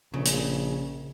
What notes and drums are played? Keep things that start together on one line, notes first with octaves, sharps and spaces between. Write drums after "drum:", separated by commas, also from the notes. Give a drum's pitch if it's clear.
A#1 C#3
drum: hi-hat